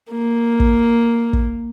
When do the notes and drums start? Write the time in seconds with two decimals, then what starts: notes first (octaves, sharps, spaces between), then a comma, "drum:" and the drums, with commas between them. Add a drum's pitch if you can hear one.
0.11 A#3
0.60 drum: kick
1.33 drum: kick